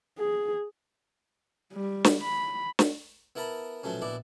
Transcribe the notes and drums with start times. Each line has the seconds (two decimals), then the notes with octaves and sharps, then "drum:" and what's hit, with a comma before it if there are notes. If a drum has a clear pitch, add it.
0.19 G#4
1.73 G3
2.04 drum: snare
2.24 B5
2.79 drum: snare
3.36 B3 E4 A#4 A5 B5
3.83 B2 F3 F#3 A3 C#4
4.02 A#1 B2 E4 D5